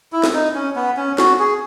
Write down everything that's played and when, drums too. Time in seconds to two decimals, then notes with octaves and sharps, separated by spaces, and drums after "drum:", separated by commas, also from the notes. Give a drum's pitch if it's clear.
0.12 E4
0.24 drum: snare
0.34 D#4
0.55 C#4
0.76 B3
0.97 C#4
1.18 F#4, drum: snare
1.39 G#4